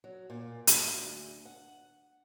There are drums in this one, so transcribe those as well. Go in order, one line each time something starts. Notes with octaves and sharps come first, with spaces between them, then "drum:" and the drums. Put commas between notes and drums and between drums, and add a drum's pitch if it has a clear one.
F#3
A#2
G2, drum: hi-hat
D2
F#5